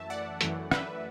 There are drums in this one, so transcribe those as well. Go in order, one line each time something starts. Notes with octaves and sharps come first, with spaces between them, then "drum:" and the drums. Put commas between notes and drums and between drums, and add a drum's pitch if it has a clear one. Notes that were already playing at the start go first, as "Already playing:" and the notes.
Already playing: F#2 E3 A3 E5 A5
D5 F#5
F#2 E3 A3, drum: hi-hat
B4 E5, drum: rim click